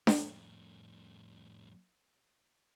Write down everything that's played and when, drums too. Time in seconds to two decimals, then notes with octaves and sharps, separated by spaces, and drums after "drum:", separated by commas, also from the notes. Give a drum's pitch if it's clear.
0.07 F2 A2, drum: snare D4